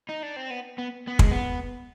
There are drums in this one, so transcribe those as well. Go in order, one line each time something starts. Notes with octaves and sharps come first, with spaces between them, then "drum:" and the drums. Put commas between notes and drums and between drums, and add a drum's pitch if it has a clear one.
D#4
D4
C4
B3
B3
B3
G#3, drum: kick
B3